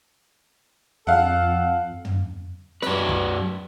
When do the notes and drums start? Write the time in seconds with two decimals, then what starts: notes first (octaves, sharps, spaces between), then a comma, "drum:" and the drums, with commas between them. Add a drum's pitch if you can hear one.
1.07 F2 A4 F5 F#5
2.05 drum: tom
2.82 F#2 B4, drum: snare
3.09 drum: kick